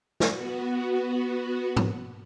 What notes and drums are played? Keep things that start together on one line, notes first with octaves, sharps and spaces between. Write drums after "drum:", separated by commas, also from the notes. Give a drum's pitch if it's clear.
B3 F#4, drum: snare
drum: tom G#2